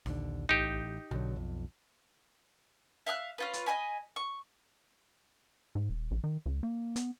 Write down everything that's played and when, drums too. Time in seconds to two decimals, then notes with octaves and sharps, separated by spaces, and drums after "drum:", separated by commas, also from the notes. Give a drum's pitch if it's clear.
0.06 A#1 D#2 D3, drum: snare D#4
0.49 A1 D#4 G4, drum: tom B1
1.11 B2 D3 F#3, drum: tom B1
1.36 B1 F2
3.06 E5 F5 D#6 F#6
3.38 C#4 F4 B4
3.53 drum: hi-hat
3.66 D#5 E5 G#5 B5
4.16 C#6
5.75 G#2
5.90 D#1
6.11 A1
6.24 D#3
6.46 C#2
6.63 A#3
6.96 B3, drum: hi-hat